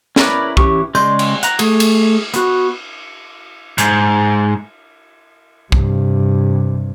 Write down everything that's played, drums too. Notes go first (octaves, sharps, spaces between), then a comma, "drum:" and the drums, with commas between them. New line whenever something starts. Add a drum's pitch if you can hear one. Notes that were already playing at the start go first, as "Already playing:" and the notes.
C#4 E4 A#4 B4 D5, drum: snare
E3 C#4 G4 C#6, drum: kick
C#3 G#3 D5 C6 G6, drum: tambourine
drum: cymbal
F#5 A#5, drum: hi-hat
A3 G#4, drum: cymbal
drum: cymbal
B3 F#4, drum: hi-hat
G#2, drum: hi-hat
G2 C3, drum: kick